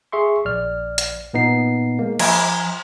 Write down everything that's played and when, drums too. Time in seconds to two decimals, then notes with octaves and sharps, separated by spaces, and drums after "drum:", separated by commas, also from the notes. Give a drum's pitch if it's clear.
0.12 G#4 E5 C6 C#6
0.45 A#1 D5 F6
0.98 drum: hi-hat
1.34 A#2 B3 D#4 C7
1.99 G#3 A#3
2.19 F3 G#5 A#5 G#6, drum: cymbal